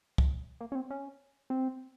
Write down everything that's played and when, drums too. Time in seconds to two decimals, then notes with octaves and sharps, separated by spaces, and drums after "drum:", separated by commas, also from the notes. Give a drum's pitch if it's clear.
0.18 drum: kick
0.61 A#3
0.72 C#4
0.75 C4
0.90 C#4
1.50 C4